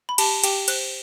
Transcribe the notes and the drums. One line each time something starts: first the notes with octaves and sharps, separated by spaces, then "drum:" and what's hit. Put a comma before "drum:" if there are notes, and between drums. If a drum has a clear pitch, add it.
B5
G4 A5, drum: cymbal
G4 G5, drum: cymbal
C5 F#6, drum: cymbal